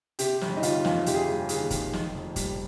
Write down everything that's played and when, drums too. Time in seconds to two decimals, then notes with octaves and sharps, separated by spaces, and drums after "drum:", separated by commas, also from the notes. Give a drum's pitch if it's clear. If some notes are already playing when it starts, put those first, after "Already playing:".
0.19 C3 G4, drum: hi-hat
0.41 G1, drum: snare
0.57 D#4
0.63 D#3 F4, drum: hi-hat
0.85 F2, drum: snare
1.06 C3 G4, drum: hi-hat
1.15 G#4
1.22 G1 G4
1.49 D#3 G#4, drum: hi-hat
1.70 F2, drum: kick, hi-hat
1.93 D#3, drum: snare
2.14 F1
2.36 G3, drum: kick, hi-hat